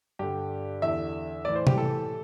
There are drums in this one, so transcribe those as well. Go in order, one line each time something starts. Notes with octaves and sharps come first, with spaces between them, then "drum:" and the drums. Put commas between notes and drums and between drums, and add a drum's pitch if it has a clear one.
G2 D3 G4
E2 D3 E5
A2 E3 D5
C5
G4, drum: tom C3
A4